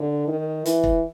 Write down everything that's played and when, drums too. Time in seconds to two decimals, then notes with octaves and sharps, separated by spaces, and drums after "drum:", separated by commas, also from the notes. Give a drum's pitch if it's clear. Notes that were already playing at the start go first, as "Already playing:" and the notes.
Already playing: D3
0.28 D#3
0.65 E3, drum: hi-hat
0.83 drum: kick